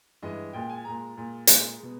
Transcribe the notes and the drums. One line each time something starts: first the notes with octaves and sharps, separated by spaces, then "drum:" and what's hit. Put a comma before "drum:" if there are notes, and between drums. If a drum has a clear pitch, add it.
G2 E3 G#3 D#5
A#2 G#3 G5
G#5
A#2 G#3 A#5
A#2 G#3
A#2 G#3, drum: hi-hat
B2 G#3